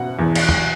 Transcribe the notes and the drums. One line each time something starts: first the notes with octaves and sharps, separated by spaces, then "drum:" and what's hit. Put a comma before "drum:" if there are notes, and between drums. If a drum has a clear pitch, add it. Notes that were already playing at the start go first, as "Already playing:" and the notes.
Already playing: F#1 B2 F#5
E2
drum: cymbal
drum: tom E2